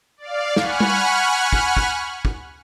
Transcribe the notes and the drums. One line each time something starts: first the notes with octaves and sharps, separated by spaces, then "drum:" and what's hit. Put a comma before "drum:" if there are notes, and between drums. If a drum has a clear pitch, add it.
D5 F5
F#5 G#5 B5 C#6 F6 F#6, drum: snare
drum: tom G3
drum: kick
drum: kick
drum: kick